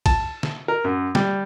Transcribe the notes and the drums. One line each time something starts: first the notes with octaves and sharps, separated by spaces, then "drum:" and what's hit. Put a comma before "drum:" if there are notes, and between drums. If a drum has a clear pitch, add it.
A5, drum: kick, cymbal
drum: snare
A#4
F#2
G3, drum: snare